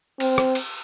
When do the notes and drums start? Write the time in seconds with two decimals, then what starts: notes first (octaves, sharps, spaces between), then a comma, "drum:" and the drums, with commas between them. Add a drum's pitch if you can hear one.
0.20 C4, drum: cymbal
0.38 drum: rim click
0.55 drum: cymbal